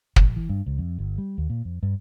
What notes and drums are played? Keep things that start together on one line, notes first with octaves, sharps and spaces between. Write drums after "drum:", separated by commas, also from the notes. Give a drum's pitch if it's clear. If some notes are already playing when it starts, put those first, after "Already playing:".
A#1, drum: kick
E3
G2
C#2
F2
G1
G3
D#2
A#2
F2
G2